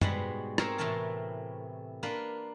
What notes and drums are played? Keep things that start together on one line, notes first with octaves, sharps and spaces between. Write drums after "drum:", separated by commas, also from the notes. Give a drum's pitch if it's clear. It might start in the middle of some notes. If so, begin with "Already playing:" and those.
G#2 B2 G3 G#3 B4 F#5, drum: tom F#2
C4 D#4 G#4 A#4 C5 C#5, drum: rim click
A2 C3 E3 A3 A#4 A5
A#3 D4 F4 B4